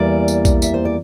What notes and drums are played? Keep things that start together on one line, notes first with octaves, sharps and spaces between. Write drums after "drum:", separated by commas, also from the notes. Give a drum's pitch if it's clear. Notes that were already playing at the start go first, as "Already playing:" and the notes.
Already playing: E2 E3 G3 A#3 D5
drum: tambourine
drum: kick A#1, tambourine
E5, drum: tambourine
C5
D5